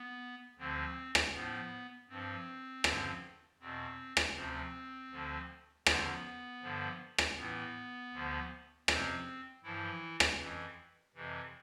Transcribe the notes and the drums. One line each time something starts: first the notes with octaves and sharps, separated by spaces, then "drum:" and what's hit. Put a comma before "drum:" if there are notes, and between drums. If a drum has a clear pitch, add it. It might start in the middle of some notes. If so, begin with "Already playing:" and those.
Already playing: B3
D2 D3 F3 C4
drum: rim click
A2 F3 B3
G2 F3 C4
G2 D3 F3, drum: rim click
E2 B2 C4
drum: rim click
D2 C3 F3 C4
D2 D3 F3
E2 D3 F3 B3, drum: rim click
G2 D3 F3
drum: rim click
A2 E3 B3
D2 D3 F3
F2 C3 F3 C4, drum: rim click
G2 E3 F3 E4
drum: rim click
F2 E3
F2 C3 E3